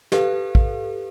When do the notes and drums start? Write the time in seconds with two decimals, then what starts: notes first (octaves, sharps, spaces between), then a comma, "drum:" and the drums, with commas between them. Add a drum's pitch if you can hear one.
0.12 G4 A4 B4 F5, drum: snare
0.55 drum: kick